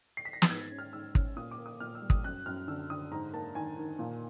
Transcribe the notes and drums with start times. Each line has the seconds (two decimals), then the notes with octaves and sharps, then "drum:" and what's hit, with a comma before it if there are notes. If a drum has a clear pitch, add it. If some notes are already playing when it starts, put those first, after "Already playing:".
0.17 C7
0.25 B6
0.33 A#6
0.42 A6, drum: snare
0.49 G#2 G#6
0.72 C#4
0.79 F6
0.93 G#2 E6
1.15 C#4, drum: kick
1.36 A#2 D#6
1.51 D6
1.59 A#3
1.66 D#6
1.80 A#2 F6
1.95 E6
2.02 G3
2.10 D#6, drum: kick
2.24 F#2 F#6
2.46 F#2 F6
2.68 D3 E6
2.90 D3 D#6
3.11 G#2 A#5
3.33 A#3 A5
3.55 D#3 G#5
3.77 D#3
3.99 A#2